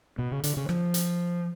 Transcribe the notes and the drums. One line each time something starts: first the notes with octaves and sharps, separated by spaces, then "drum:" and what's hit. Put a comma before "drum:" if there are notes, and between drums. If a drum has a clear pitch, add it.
B2
C#3
D3, drum: hi-hat
C#3
F3, drum: rim click
drum: hi-hat